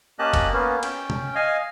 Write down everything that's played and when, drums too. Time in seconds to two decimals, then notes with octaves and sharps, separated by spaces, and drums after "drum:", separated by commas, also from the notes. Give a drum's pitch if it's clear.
0.19 A#3 C#4 G4 D#5 A5 F#6
0.34 drum: kick F#1, cymbal
0.53 A#3 B3 C#4
0.83 C#4 G5, drum: cymbal
1.10 drum: tom
1.35 D#5 F5 G#5